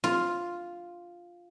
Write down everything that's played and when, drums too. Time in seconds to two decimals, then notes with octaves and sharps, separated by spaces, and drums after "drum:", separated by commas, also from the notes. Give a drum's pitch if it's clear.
0.04 F4, drum: snare C4